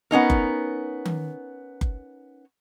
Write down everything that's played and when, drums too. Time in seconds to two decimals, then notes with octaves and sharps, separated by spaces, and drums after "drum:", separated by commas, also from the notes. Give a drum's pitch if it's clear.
0.11 B3 C#4 D#4 A#4
0.30 drum: kick F#1
1.05 drum: tom D#3
1.81 drum: kick F#1